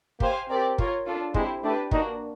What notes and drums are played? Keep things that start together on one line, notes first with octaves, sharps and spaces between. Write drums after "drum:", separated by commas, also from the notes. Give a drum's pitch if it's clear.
A#3 G4 C5 F5 G#5, drum: kick
C4 G4 A#4 D5
F4 A#4 C#5, drum: kick
D4 F4 A4
G#3 C4 E4 G4 C5, drum: kick
A3 D4 G4 B4
A#3 D4 D#4 F#4 A#4, drum: kick